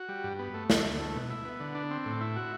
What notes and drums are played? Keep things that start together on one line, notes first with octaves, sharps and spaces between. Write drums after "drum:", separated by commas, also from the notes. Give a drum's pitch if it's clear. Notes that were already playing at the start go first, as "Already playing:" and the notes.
Already playing: F#4
G3
G2
B3
A3
D2, drum: snare
D2
A3
B2
E4
B3
D3
D4
C4
A2
E4
F#4